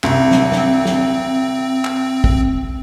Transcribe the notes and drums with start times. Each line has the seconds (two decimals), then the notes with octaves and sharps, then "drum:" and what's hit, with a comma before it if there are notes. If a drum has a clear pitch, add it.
0.04 C2 C4, drum: clap
0.31 drum: snare
0.52 drum: snare
0.85 drum: snare
1.85 drum: clap
2.24 drum: kick